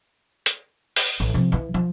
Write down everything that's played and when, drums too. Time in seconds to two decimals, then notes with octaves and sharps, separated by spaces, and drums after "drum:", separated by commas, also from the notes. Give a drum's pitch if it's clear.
0.46 drum: hi-hat
0.96 drum: open hi-hat
1.20 A1
1.34 C3 F3
1.52 E3 E4
1.74 F3